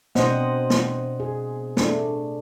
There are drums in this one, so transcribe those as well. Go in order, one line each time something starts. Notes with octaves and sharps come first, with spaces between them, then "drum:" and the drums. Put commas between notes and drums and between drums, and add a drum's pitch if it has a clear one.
B2 C4 D4 C5 D#5 F#5, drum: snare
drum: snare
G#4
A3 D4, drum: snare